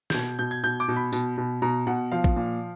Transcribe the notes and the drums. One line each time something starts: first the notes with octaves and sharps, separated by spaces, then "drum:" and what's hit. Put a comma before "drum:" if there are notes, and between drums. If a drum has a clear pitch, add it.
G6, drum: snare
B2 G#6
B2 G6
G#6
B2 G6
D6
B2
B5
B2, drum: tambourine
B2
B2 A#5
B2 F#5
F3 F5
drum: kick A1
A#2